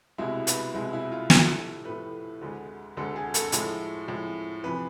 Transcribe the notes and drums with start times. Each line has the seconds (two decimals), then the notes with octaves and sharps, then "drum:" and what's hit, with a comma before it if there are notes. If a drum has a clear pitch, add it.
0.18 C2 B2 G#3 E4
0.47 B4, drum: hi-hat
0.74 C2 B2 G#3 E4
0.93 E4
1.12 F4
1.30 A2 F3 A3 A4, drum: snare
1.85 A2 F3 A3 B4
2.41 D2 D3 G#3
2.97 D2 D3 G#3 A4
3.16 G#4
3.34 A4, drum: hi-hat
3.52 A2 F3 G#3, drum: hi-hat
4.08 A2 F3 G#3
4.64 F2 C3 E3 B4